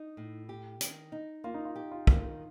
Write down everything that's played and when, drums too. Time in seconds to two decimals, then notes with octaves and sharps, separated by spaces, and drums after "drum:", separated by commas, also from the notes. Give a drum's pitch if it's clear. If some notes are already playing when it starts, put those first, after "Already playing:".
Already playing: D#4
0.17 A2
0.49 G4
0.81 D#3, drum: hi-hat
1.12 D#4
1.44 A#3 F4
1.54 D#4
1.65 F4
1.76 G4
1.91 F4
2.07 D#3, drum: kick